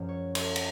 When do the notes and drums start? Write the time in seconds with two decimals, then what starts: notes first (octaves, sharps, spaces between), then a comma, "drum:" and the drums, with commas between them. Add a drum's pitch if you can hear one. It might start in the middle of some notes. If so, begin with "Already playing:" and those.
Already playing: F#2 F3 G#3
0.09 C#5
0.35 C#5, drum: cymbal
0.56 drum: cymbal